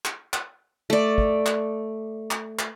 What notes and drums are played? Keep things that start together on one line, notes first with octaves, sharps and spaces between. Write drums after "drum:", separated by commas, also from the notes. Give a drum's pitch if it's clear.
drum: clap
drum: clap
A3 D5
drum: kick
drum: clap
drum: clap
drum: clap